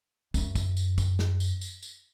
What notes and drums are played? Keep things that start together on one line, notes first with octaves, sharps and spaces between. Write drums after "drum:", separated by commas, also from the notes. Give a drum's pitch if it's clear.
F#2 A3, drum: kick, tambourine
drum: kick, tambourine
drum: tambourine
drum: kick, tambourine
drum: snare
drum: tambourine
drum: tambourine
drum: tambourine